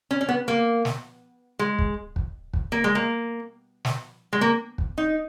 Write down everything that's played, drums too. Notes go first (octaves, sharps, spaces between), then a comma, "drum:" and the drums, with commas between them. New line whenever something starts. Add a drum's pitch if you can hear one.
C#4
C#4
B3
A#3
drum: snare
G#3
drum: kick
drum: kick
drum: kick
A#3
G#3
A#3
drum: snare
G#3
A#3
drum: kick
D#4